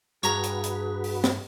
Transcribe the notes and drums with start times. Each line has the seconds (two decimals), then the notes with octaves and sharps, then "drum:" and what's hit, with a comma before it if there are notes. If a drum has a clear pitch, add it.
0.23 G2 F#4 G#4 B4 C#5 A#5, drum: hi-hat
0.43 drum: hi-hat
0.64 drum: hi-hat
1.04 drum: open hi-hat
1.24 drum: snare